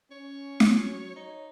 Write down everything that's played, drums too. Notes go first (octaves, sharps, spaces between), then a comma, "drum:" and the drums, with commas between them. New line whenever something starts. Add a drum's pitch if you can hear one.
C#4 C#5
drum: snare
F#3
D#4 C#5